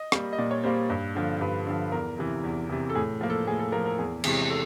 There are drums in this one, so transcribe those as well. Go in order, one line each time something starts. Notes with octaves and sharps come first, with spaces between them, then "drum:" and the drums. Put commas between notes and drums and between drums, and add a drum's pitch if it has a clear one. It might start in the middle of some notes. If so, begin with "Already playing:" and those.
Already playing: D#5
G3 A#3, drum: rim click
D#5
A#2 D5
C#5
G3 A#3 C5
G2
D3 F3
G2 B4
D3 F3
E2 A#4
C3 E3
E2
C3 E3
A4
A2 G#4
F3 A#3
A4
A2 G#4
A4
F3 A#3 A#4
A#4
E2 G#4
C3 E3 G#3, drum: cymbal
A4